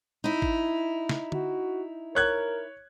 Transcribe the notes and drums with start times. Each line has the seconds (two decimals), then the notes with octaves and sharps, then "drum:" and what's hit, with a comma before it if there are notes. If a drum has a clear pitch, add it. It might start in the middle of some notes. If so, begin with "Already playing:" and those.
0.24 D#4 E4
0.42 drum: kick G#1
1.09 drum: snare
1.32 F#4, drum: tom D3
2.15 A#4 C#5 F#6 G#6